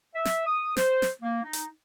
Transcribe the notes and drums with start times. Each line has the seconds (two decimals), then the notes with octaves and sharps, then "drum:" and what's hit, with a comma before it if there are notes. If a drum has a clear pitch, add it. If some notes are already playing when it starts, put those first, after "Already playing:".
0.14 E5
0.25 drum: snare
0.46 D#6
0.77 C5, drum: snare
1.02 drum: snare
1.22 A#3
1.43 D#4
1.53 drum: hi-hat